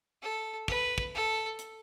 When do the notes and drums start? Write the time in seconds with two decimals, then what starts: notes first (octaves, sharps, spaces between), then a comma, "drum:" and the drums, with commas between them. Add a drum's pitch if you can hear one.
0.22 A4
0.68 B4, drum: kick
0.98 drum: kick
1.15 A4
1.59 drum: hi-hat